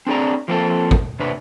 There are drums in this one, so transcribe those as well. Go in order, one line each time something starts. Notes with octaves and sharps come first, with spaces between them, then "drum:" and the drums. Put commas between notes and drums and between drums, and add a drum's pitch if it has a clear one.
C4 D4 G#4 D5 A#5
F3 A#3 C4 D4 A4
drum: kick
C3 D4 B4